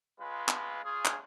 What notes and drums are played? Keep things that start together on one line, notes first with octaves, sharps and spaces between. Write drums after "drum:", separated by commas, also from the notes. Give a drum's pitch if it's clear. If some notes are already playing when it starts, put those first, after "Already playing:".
C#2 G#3 F4 B4
drum: clap
C#3 F4 G#4
drum: clap